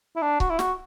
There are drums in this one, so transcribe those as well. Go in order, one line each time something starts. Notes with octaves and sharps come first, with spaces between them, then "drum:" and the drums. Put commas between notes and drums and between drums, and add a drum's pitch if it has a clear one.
E4
D4
F#4, drum: kick C#1
E4
F#4, drum: snare